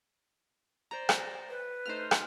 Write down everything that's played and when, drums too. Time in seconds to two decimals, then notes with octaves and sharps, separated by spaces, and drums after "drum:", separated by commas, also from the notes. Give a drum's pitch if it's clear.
0.91 C5 D5 A#5
1.09 drum: rim click
1.49 B4
1.86 A3 D#4 C5 F6
2.11 drum: rim click